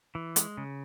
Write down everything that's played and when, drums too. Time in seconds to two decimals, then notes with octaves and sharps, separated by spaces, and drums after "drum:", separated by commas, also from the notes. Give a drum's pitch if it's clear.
0.15 E3
0.36 G#3, drum: hi-hat
0.57 C#3